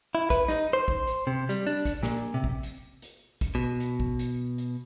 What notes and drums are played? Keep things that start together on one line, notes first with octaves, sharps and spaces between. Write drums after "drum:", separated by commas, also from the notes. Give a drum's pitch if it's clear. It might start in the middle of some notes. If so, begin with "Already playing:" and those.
E4
B4, drum: kick, hi-hat
D#4, drum: snare
C5
drum: kick
drum: hi-hat
C3
G3, drum: hi-hat
D4
drum: kick, hi-hat
A#2, drum: snare
C3
drum: kick
drum: hi-hat
drum: hi-hat
drum: kick, hi-hat
B2
drum: hi-hat
drum: kick
drum: hi-hat
drum: hi-hat